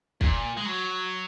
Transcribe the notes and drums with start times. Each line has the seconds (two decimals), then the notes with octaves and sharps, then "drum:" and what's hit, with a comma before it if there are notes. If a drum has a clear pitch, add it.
0.21 A#2, drum: kick
0.57 G#3
0.66 F#3